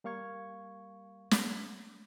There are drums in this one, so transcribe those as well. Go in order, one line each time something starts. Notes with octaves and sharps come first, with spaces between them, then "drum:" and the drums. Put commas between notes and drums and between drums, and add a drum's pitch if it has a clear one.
G3 A#3 F5 C#6 G#6
drum: snare